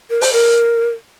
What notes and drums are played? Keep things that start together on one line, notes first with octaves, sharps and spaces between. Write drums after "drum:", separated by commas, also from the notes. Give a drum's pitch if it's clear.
A#4
C5, drum: open hi-hat
A#4